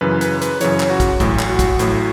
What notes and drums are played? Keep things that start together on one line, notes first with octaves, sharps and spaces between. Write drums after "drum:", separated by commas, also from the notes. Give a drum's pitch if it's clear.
F#2 C#3 E3 B4
B4, drum: hi-hat
B4, drum: hi-hat
F#2 C#3 E3 C#5, drum: hi-hat
drum: clap
F#4
drum: kick, hi-hat
A1 A2 F#3, drum: kick, hi-hat
drum: clap
F#4
drum: kick, hi-hat
A1 A2 F#3, drum: hi-hat